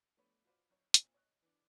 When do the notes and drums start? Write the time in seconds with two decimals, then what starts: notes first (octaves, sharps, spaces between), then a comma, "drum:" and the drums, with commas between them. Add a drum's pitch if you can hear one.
0.17 F3 A3 B3 D4 B4 C#5
0.45 F4 F#4 B4 C5 D5 F5
0.70 F#1 C#5
0.94 A#2 C4, drum: hi-hat
1.14 C#5 D#5 C#6 F#6
1.42 E3 D4